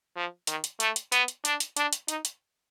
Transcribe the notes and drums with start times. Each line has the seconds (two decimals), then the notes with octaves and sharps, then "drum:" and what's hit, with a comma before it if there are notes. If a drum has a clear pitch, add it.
0.16 F3
0.47 D#3, drum: hi-hat
0.64 drum: hi-hat
0.80 A3, drum: hi-hat
0.96 drum: hi-hat
1.12 B3, drum: hi-hat
1.28 drum: hi-hat
1.45 D4, drum: hi-hat
1.60 drum: hi-hat
1.77 D4, drum: hi-hat
1.93 drum: hi-hat
2.08 D#4, drum: hi-hat
2.25 drum: hi-hat